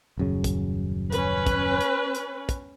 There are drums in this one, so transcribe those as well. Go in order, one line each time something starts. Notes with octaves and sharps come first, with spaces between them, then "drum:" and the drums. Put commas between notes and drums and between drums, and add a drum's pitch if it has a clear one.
D#1 F#2 C#3
drum: kick, hi-hat
C#4 B4, drum: hi-hat
drum: kick, hi-hat
drum: hi-hat
drum: hi-hat
drum: kick, hi-hat